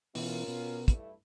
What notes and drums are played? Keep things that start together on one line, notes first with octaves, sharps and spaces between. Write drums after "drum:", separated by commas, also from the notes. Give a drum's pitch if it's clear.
B2 E3 C#4 F4 A#4, drum: open hi-hat
B2
G2 A3 E4, drum: kick, hi-hat